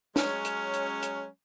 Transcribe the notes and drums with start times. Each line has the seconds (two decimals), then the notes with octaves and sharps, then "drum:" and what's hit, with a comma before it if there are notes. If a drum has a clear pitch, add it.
0.16 F#3 G#3 C#4, drum: snare
0.45 drum: hi-hat
0.74 drum: hi-hat
1.03 drum: hi-hat